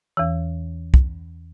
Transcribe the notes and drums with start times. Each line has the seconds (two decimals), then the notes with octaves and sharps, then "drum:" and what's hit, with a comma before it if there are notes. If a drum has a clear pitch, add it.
0.17 E2 E3
0.94 drum: kick